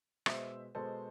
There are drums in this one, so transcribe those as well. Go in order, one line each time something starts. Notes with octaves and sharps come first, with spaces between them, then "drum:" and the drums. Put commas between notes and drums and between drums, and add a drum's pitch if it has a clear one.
B2 G#3 B3 C5 E5, drum: rim click
B2 G#3 B3 A4 C5